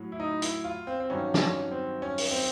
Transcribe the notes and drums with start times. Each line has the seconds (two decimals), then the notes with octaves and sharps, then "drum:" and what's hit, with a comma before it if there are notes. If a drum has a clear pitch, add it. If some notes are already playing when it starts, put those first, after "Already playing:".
Already playing: A2 F#3
0.12 E4
0.20 D#4
0.42 E4, drum: hi-hat
0.64 F4
0.87 C4
1.00 C4
1.10 G2 D#3 F#3 C#4
1.34 D4, drum: snare
1.41 C#4
1.72 C4
2.02 C#4
2.18 drum: open hi-hat
2.31 C4